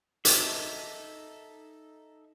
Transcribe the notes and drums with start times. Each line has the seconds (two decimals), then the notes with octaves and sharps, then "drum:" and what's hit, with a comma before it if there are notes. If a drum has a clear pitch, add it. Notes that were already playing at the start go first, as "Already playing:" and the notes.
0.25 D#4 A4 E5, drum: hi-hat